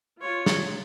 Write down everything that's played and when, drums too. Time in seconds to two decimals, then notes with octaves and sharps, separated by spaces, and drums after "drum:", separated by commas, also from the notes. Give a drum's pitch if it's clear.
0.21 F4 C#5
0.46 drum: snare